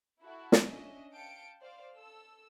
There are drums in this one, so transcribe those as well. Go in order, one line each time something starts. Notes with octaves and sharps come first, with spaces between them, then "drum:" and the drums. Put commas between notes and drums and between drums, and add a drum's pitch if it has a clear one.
E4 F#4 A4
drum: snare
C#4 D4 D#5 E5
F5 G5 A5 G6 C#7 D7
C5 D5 F5
A4 E6